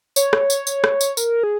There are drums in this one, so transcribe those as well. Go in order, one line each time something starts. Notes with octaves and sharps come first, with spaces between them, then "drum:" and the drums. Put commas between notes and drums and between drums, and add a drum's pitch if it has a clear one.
C#5, drum: tambourine
drum: rim click
drum: tambourine
drum: tambourine
drum: rim click
drum: tambourine
A#4, drum: tambourine
G#4